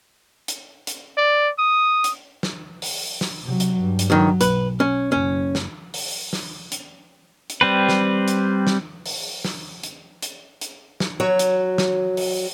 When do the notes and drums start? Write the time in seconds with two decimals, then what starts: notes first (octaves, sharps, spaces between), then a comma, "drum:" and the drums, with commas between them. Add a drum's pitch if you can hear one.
0.48 drum: hi-hat
0.87 drum: hi-hat
1.18 D5
1.59 D#6
2.04 drum: hi-hat
2.43 drum: snare
2.82 drum: open hi-hat
3.21 drum: snare
3.43 C3 F#3
3.60 drum: hi-hat
3.80 G2
3.99 drum: hi-hat
4.10 C#2 G2 D#3 F#3
4.41 B1 B4, drum: hi-hat
4.80 C#4
5.12 F#1 C#4
5.55 drum: snare
5.94 drum: open hi-hat
6.33 drum: snare
6.72 drum: hi-hat
7.50 drum: hi-hat
7.61 G3 C4 B4
7.89 drum: snare
8.28 drum: hi-hat
8.67 drum: snare
9.06 drum: open hi-hat
9.45 drum: snare
9.83 drum: hi-hat
10.22 drum: hi-hat
10.61 drum: hi-hat
11.00 drum: snare
11.20 F#3 C#5
11.39 drum: hi-hat
11.78 drum: snare
12.17 drum: open hi-hat